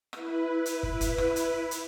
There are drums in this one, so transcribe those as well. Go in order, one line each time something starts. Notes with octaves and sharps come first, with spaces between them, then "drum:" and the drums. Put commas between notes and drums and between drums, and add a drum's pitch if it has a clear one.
E4 B4, drum: rim click
drum: hi-hat
drum: kick
drum: kick, hi-hat
drum: rim click
drum: hi-hat
drum: hi-hat